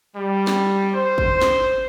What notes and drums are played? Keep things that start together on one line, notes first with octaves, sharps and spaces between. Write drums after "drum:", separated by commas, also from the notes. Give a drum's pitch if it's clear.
G3
drum: snare
C5
drum: kick
drum: snare